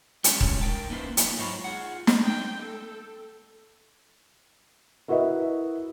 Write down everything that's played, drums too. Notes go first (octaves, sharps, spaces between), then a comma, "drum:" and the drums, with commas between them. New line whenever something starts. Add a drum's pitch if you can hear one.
G3 G#3 C#4, drum: hi-hat
drum: kick D#1
D#4 A#4 G5 A5
A#3 C#4 D#4 E4 B4 C5
F#3 A#3 D#4 F4 B4, drum: hi-hat
G#2 D#4 F4 C5 C#5 B5
F4 G#4 F#5
drum: snare
G5
A4
E4 F#4 A#4 B4 D#5 E5